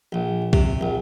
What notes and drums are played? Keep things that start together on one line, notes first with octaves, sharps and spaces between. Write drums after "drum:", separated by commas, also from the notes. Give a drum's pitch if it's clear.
A#1
C3, drum: kick
A#1